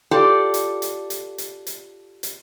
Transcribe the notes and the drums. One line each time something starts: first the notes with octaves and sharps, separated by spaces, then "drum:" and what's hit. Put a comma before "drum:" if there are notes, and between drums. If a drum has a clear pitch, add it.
F4 G4 A4 D5
drum: hi-hat
drum: hi-hat
drum: hi-hat
drum: hi-hat
drum: hi-hat
drum: hi-hat